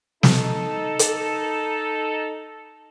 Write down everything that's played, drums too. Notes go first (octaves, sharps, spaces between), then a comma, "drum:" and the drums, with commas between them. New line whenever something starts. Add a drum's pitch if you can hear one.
D#4 A4, drum: snare
drum: hi-hat